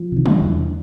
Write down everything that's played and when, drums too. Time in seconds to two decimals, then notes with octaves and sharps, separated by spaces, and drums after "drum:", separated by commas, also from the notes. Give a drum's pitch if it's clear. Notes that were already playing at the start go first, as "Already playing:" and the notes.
Already playing: F3
0.12 C3 D#3
0.26 D3 E3, drum: tom F#3
0.41 E2